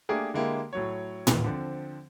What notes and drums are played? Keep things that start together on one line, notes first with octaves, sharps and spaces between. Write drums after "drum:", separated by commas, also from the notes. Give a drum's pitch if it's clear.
A3 A#3 D4 G4 G#4 A#4
D3 G#3 A#3 E4 G4
A2 F#3 C#5
D#2 B2 E3, drum: tom A2
D3 F3 C4